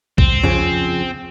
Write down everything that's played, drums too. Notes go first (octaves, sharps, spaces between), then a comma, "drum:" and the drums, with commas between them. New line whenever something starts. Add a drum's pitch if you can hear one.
C4, drum: kick
C#3 F3 G#4, drum: tom E2